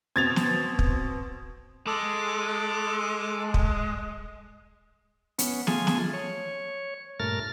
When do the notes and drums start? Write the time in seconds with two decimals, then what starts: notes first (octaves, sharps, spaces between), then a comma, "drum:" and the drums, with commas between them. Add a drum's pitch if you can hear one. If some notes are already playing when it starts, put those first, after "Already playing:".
0.16 B2 C4 G#6 A6 F7
0.36 drum: snare
0.79 drum: kick
1.87 G#3 A4 D6
3.54 drum: kick
5.39 B3 C#4, drum: hi-hat
5.67 A3 F4 G#4 G#5, drum: snare
5.87 drum: snare
6.13 C#5
7.20 G2 A#2 A3 A#4 F6 A6